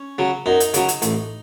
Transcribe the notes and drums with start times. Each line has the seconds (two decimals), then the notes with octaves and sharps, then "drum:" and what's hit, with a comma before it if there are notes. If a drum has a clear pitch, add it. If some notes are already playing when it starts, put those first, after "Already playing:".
Already playing: C#4
0.18 C#3 F#3
0.46 F#2 D#4
0.60 drum: hi-hat
0.74 C#3 F#3, drum: hi-hat
0.89 drum: hi-hat
1.02 A1, drum: hi-hat